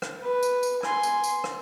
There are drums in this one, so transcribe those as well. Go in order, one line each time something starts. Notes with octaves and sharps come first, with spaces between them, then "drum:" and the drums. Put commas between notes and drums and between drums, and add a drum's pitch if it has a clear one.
drum: rim click
B4
drum: tambourine
drum: tambourine
G#5 C6, drum: rim click
drum: tambourine
drum: tambourine
drum: rim click